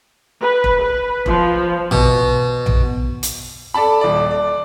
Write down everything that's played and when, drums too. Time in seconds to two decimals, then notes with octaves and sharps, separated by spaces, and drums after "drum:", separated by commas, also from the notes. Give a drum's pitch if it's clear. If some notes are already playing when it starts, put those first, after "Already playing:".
0.40 B4
0.64 drum: kick E1
0.80 B4
1.26 F3, drum: kick E1
1.91 B2, drum: tom A#1
2.66 drum: tom A#1
3.23 drum: hi-hat
3.74 A4 D5 A5 B5
4.01 D#1 D5
4.31 D5